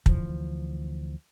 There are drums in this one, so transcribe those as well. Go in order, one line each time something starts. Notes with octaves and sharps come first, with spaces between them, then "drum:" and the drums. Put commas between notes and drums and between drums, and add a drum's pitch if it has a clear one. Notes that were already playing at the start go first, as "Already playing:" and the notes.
D2 E3 F3, drum: kick